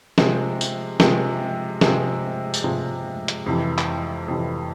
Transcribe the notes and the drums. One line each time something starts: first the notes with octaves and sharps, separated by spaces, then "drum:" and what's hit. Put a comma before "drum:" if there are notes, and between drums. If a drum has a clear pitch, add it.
C3 F3 G#3, drum: snare
drum: tambourine
C3 F3 G#3, drum: snare
C3 F3 G#3, drum: snare
drum: tambourine
C3 F3 G#3
drum: hi-hat
F2 C3 E3
drum: clap
F2 C3 E3